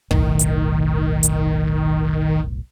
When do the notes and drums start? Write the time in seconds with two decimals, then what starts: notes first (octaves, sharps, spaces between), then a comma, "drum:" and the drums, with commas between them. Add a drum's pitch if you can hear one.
0.11 F1 B1 A2 D#3, drum: kick
0.39 drum: hi-hat
1.23 drum: hi-hat